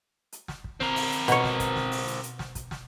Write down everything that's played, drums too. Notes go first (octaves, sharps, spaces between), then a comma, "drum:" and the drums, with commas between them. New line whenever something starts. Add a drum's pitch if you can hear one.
drum: hi-hat
drum: snare
drum: kick
C4 A#4, drum: snare
drum: open hi-hat
drum: hi-hat
B2 C#5, drum: hi-hat
drum: snare
drum: kick, hi-hat
drum: snare
drum: open hi-hat
drum: hi-hat
drum: hi-hat
drum: snare
drum: kick, hi-hat
drum: snare